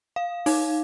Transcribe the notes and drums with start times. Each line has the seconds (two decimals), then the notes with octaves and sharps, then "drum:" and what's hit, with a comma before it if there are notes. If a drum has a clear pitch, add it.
0.16 F5
0.46 D#4, drum: open hi-hat